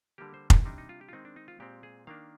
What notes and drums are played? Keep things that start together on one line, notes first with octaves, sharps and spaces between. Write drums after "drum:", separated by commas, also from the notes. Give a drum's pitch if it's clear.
D3 G3 A#3 G4
C5
G#4, drum: kick F1
C3 G3 D4 D#4
D#4
F4
G4
F4
D#3 G#3 C4 D#4
D4
D#4
F4
A#2 G#3 C4 G4
G#4
D#3 A#3 D4 F5